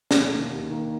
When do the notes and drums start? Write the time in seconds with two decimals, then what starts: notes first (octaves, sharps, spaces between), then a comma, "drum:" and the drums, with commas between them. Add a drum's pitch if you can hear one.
0.11 D#2, drum: snare
0.31 D#3 A#3
0.50 D#2
0.70 D#3 A#3